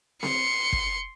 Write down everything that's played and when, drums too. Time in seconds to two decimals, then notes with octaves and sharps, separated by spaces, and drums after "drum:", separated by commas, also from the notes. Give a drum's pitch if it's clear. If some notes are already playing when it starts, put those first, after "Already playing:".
0.23 C6 C#7, drum: snare C4
0.73 drum: kick